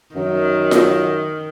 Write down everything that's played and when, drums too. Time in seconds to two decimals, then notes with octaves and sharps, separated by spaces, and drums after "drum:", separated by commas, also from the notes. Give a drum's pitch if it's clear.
0.15 F#2 D#3
0.71 drum: snare F4